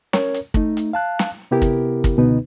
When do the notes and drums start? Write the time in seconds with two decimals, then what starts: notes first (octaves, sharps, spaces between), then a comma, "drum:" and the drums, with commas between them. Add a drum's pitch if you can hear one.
0.13 C#4 A#4 C#5, drum: snare
0.34 drum: hi-hat
0.54 A3 D#4, drum: kick
0.77 drum: hi-hat
0.93 F5 A5 F#6
1.19 drum: snare
1.51 C3 B3 E4 G4 A#4
1.62 drum: kick, hi-hat
2.04 drum: kick, hi-hat
2.18 C#2 B2 D3 B3 D#4 B4